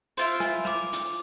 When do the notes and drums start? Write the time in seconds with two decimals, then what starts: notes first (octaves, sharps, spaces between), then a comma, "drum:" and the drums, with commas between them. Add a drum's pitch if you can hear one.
0.17 E4 F4 C5, drum: hi-hat
0.40 G#5, drum: rim click
0.65 D6 F7, drum: rim click
0.93 drum: hi-hat